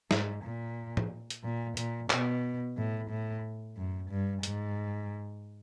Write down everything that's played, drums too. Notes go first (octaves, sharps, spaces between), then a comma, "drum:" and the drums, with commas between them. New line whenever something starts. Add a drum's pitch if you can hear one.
G#2, drum: snare
A#2
drum: tom
drum: hi-hat
A#2
A#2, drum: hi-hat
B2, drum: clap
A2
A2
F#2
G2
G#2, drum: hi-hat